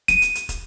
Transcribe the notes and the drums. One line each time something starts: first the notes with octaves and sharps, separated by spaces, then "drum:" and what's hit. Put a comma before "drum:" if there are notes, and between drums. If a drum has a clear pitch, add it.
D#7, drum: kick, hi-hat
drum: hi-hat
drum: hi-hat
drum: kick, hi-hat